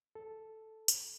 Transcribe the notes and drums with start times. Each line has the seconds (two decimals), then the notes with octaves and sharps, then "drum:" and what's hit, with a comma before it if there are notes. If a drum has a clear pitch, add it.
0.15 A4
0.88 drum: tambourine